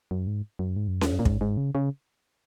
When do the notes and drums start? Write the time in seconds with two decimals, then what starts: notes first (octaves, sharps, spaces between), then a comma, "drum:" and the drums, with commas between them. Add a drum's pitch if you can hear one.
0.11 F#2
0.27 G#2
0.59 F#2
0.76 G#2
0.88 F#2
1.01 E2, drum: snare C#4
1.12 F#2
1.19 A#2
1.25 G#2, drum: kick
1.41 G#2
1.57 C#3
1.75 C#3